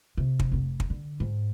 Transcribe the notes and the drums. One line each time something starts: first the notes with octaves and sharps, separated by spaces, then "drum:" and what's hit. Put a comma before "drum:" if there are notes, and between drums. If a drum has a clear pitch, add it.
C3
drum: kick
F1 C3
drum: kick
D3
G#2